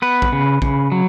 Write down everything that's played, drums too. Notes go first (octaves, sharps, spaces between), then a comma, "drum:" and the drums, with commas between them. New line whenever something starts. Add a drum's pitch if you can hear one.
B3 B4
drum: kick A#1
C#3
C#3, drum: kick A#1
F#3